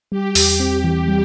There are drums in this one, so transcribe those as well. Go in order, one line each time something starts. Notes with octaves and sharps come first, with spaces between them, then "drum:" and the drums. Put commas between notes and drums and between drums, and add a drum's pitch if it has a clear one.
G3 G4
E2, drum: open hi-hat
C4
E3
G3